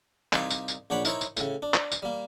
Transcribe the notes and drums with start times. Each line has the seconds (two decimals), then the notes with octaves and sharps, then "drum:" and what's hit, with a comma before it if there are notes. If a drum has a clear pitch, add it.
0.33 C2 D#4 G4 C5 F5, drum: clap
0.50 drum: tambourine
0.68 drum: tambourine
0.90 A#1 D4 C#5 F#5 G5 B5
1.05 D#4 E4 A#4 C5 C#5, drum: tambourine
1.21 drum: tambourine
1.37 A2 C#3, drum: tambourine
1.62 D4
1.74 drum: clap
1.92 drum: tambourine
2.02 G3 A#3